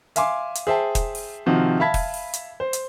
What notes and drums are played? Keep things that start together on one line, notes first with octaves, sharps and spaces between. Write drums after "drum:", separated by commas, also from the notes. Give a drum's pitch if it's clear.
E5 F5 G#5 C6 D6, drum: hi-hat
drum: hi-hat
G#4 C5 E5 G5 A5
drum: kick, hi-hat
drum: open hi-hat
C3 D#3 F3 F#4
E5 F5 A5 B5 G#6 B6
drum: kick, open hi-hat
drum: open hi-hat
drum: hi-hat
C5
drum: hi-hat